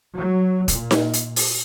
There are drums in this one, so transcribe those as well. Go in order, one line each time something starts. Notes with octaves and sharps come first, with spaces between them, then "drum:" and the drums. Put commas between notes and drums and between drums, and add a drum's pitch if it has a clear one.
F#3
A#2, drum: kick, hi-hat
drum: snare D#4
drum: hi-hat
drum: open hi-hat